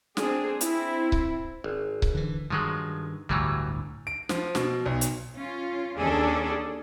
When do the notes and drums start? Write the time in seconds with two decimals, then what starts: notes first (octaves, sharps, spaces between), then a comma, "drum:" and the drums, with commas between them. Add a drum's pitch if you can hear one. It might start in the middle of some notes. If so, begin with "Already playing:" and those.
0.17 C4 D4 G#4, drum: snare
0.61 C4 E4, drum: hi-hat
1.12 drum: kick C#1
1.64 G#1
2.02 drum: kick C#1
2.15 D3 E3
2.50 G2 D#3 F3 F#3 G#3
3.29 G1 D2 A2 E3 F#3 G3
4.07 D7
4.29 F3, drum: snare
4.55 B2, drum: snare
4.86 B1
5.01 drum: hi-hat
5.36 C#4 F4
5.98 D#2 C#4 D4 G#4 A4 D5